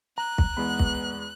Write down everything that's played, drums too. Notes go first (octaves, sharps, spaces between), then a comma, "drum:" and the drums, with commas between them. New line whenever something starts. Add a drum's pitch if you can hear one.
A#5 F#6
drum: kick
E2 G#3 B3 B5
drum: kick